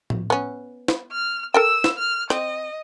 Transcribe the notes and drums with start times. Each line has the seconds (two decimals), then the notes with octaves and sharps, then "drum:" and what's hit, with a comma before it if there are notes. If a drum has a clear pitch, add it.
0.10 drum: tom
0.30 B3 C#4
0.88 drum: snare
1.12 F6
1.54 A4 A#4 G5 E6
1.84 drum: snare
1.98 F6
2.30 C4 D#5, drum: rim click